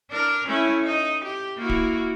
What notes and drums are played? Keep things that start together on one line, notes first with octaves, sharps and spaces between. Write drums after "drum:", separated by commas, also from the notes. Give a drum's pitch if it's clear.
D4 A#4
A3 C#4 E4
D#4
G4
A#3 E4 F#4
drum: kick D1